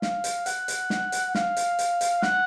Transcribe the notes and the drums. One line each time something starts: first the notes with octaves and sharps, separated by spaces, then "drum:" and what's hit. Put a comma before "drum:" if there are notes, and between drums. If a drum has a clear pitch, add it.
F5, drum: snare
drum: hi-hat
F#5, drum: hi-hat
drum: hi-hat
drum: snare
drum: hi-hat
F5, drum: snare
drum: hi-hat
drum: hi-hat
drum: hi-hat
F#5, drum: snare